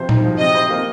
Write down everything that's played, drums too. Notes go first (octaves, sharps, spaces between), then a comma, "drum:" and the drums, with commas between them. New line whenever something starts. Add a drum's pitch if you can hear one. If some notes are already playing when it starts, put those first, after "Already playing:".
Already playing: C3 F3 C5
D#4, drum: tom A#2
F3
C3 D#5
C5
A#3